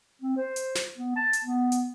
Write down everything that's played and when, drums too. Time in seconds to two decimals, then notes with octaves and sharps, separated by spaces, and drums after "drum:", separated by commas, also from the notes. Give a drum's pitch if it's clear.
0.22 C4
0.37 C5
0.56 drum: hi-hat
0.75 drum: snare
0.98 B3
1.16 A5
1.33 drum: hi-hat
1.45 B3
1.72 drum: hi-hat